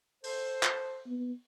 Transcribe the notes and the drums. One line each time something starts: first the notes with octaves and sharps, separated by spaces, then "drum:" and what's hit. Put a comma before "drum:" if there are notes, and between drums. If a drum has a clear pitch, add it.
A4 C5, drum: open hi-hat
drum: clap
B3